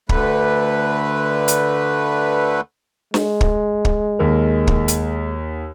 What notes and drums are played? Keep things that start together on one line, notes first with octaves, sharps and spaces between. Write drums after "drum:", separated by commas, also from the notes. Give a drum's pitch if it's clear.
D2 D3 A3 B4, drum: kick
drum: hi-hat
G#3, drum: snare
drum: kick
drum: kick
D#2 A#4
drum: kick
drum: hi-hat